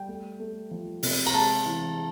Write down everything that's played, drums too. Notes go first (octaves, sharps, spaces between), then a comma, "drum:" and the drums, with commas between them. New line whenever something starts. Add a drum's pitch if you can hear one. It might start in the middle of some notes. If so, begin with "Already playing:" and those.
Already playing: G3 G5
A3
A3
F3
C3, drum: open hi-hat
A#5, drum: cymbal
G#3 A5
E3